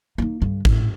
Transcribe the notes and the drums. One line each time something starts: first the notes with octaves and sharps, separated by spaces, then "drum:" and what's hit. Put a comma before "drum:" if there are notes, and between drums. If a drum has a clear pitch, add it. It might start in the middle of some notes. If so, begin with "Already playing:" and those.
A#3 D#4
G2 D3
A2, drum: kick G#1